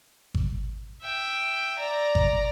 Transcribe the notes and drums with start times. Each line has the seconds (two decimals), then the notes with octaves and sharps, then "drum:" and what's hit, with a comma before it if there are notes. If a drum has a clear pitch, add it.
0.34 drum: kick G#1
1.02 E5 G5
1.79 D5 A#5
2.15 drum: kick G#1